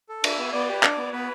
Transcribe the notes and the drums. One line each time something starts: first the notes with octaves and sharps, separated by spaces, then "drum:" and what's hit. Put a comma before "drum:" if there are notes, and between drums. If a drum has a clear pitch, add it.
A4
D4 E5, drum: cymbal
B3
B3 D5
G4 B4
D4 D5, drum: clap
B3
B3 B4